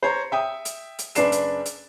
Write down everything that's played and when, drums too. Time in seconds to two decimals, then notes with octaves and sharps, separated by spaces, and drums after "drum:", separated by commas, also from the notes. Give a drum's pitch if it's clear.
0.03 C5 C#5 A#5
0.32 E5 G5 D#6
0.65 drum: hi-hat
0.99 drum: hi-hat
1.15 F#1 D4 B4 D5 C7 E7, drum: hi-hat
1.32 drum: hi-hat
1.65 drum: hi-hat